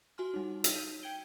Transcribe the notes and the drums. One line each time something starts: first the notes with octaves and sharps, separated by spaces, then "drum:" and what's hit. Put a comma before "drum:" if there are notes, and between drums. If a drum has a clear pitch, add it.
F#4 G#5 C6 F6
G3 D#4
drum: hi-hat
G6 B6 D#7
G5 G6 G#6 D7 G7